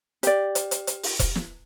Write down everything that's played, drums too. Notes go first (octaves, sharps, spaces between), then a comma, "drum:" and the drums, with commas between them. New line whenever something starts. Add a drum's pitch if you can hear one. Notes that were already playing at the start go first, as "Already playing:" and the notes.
G4 D5, drum: hi-hat
drum: hi-hat
drum: hi-hat
drum: hi-hat
drum: open hi-hat
drum: kick E1, hi-hat
drum: snare